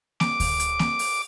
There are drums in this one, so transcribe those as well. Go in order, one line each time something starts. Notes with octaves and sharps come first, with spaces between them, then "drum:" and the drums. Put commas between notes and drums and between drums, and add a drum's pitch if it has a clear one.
D6, drum: snare A#3
drum: kick D2, open hi-hat
drum: hi-hat
drum: snare A#3
drum: open hi-hat